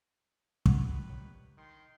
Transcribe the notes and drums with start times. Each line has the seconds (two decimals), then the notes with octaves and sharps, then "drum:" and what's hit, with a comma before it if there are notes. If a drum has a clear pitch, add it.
0.66 A#2 D#3 F#4 B4 F#5, drum: kick
1.09 D4 G4 C#5
1.57 D#3 G5 C6